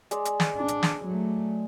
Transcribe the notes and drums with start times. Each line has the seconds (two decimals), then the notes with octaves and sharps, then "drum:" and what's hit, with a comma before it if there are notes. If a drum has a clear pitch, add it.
0.11 G#3 D5, drum: hi-hat
0.25 drum: hi-hat
0.40 drum: snare
0.57 D4
0.68 drum: hi-hat
0.83 drum: snare
1.05 F#3 A3